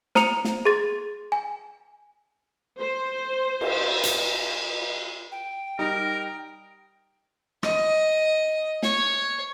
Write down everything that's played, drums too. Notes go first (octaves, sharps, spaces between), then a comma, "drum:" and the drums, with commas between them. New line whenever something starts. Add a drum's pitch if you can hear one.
C5 A#5 D#6 C#7 F7, drum: snare
drum: snare
G#4 C6 A6
G#5
C5
drum: cymbal
drum: hi-hat
G5
G3 D#4 A#4
D#5, drum: rim click
C#5, drum: snare